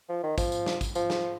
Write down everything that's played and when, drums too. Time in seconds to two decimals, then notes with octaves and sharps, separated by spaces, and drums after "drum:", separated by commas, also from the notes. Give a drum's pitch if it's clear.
0.09 F3
0.23 D#3
0.38 F3, drum: kick, tambourine
0.52 drum: tambourine
0.66 drum: snare
0.81 drum: kick, tambourine
0.95 F3, drum: tambourine
1.10 drum: snare